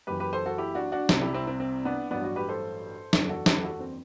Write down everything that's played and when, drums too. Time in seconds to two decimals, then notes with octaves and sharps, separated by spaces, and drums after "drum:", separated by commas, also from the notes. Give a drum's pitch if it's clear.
0.07 F#1 F#2 E3 G4 B4
0.20 G4 B4
0.33 A4 C5
0.46 F#4 A4
0.58 E4 G4
0.75 D4 F#4
0.92 D4 F#4
1.09 C2 C3 G3, drum: snare
1.22 E4 G4
1.34 C4 E4
1.47 C4
1.60 C4
1.85 B3 D4
2.11 A1 G2 F#3 B3 D4
2.24 D4 F#4
2.36 G4 B4
2.49 A4 C5
3.13 F#1 E2 D3 G3, drum: snare
3.29 F#4 A4
3.46 E4 G4, drum: snare
3.63 F#4 A4
3.80 C4